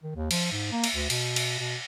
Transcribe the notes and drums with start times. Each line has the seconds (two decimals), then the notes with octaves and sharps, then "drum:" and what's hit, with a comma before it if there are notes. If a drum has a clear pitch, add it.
0.03 D#3
0.16 D#2
0.31 F3, drum: cymbal
0.52 G#2
0.72 A#3
0.84 drum: cymbal
0.95 D2
1.10 B2, drum: cymbal
1.36 drum: cymbal
1.59 B2